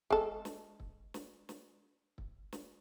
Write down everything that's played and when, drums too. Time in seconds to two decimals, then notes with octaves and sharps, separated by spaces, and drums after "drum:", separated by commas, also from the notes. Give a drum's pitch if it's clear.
0.10 G#3 A4, drum: kick
0.45 drum: snare
0.80 drum: kick
1.14 drum: snare
1.49 drum: snare
2.18 drum: kick
2.52 drum: snare